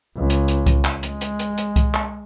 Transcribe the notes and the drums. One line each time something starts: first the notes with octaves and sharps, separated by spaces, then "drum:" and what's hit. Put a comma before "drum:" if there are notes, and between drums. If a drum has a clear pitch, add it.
C#2
drum: hi-hat
drum: hi-hat
drum: kick C2, hi-hat
drum: clap
G#3, drum: hi-hat
drum: hi-hat
drum: hi-hat
drum: hi-hat
drum: kick C2, hi-hat
drum: clap